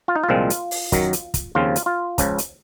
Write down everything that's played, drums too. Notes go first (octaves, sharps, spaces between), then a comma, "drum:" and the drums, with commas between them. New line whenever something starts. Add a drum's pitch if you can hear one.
F4
D#4
F4
C2 A#2 F3 G#3 C4
drum: hi-hat
drum: open hi-hat
F#2 D#3 F#3, drum: kick, hi-hat
drum: hi-hat
drum: kick, hi-hat
D#2 C#3 F3 C4 F4
drum: hi-hat
F4
C#2 C#3 F3, drum: kick, hi-hat
drum: hi-hat